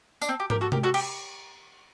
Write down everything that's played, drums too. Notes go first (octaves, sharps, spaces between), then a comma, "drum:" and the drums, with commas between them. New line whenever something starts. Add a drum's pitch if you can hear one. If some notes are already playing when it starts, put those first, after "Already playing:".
D4, drum: tambourine
C4
G4
G4 A#4, drum: tom
F#4 A4
G4 A#4, drum: tom C3
F#4 A4
G4, drum: cymbal